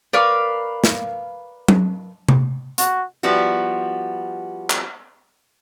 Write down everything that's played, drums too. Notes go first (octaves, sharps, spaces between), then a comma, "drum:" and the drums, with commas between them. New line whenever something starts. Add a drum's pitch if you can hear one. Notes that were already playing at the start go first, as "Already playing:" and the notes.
A#4 B4 D5 F5 C#6 D6
drum: snare
drum: tom F#3
drum: tom C3
F#4, drum: hi-hat
F3 G3 B3 E4 F#4
drum: clap